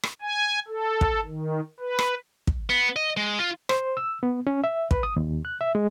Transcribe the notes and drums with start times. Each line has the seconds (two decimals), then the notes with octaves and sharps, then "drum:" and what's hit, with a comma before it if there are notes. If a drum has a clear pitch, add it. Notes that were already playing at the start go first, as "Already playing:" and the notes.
0.03 drum: rim click
0.21 G#5
0.68 A4
1.01 drum: kick
1.25 D#3
1.80 B4
1.99 drum: rim click
2.47 drum: kick
2.70 B3
2.96 D#5
3.17 G#3
3.39 F4
3.69 C5, drum: rim click
3.97 E6
4.23 B3
4.47 C#4
4.64 E5
4.91 B4, drum: kick
5.03 D#6
5.16 D#2
5.45 F#6
5.61 E5
5.75 G#3